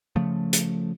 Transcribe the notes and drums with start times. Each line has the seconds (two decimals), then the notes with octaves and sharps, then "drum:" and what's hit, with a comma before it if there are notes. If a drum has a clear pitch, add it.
0.16 C#3 F3 A3
0.53 drum: hi-hat